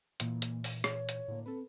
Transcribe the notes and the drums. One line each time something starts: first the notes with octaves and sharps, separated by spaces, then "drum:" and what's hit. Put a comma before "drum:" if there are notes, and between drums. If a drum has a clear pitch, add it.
A#2 E3 A#3, drum: hi-hat
drum: hi-hat
drum: open hi-hat
C#5, drum: rim click
drum: hi-hat
A2 D3 A#3
C4 A4 B4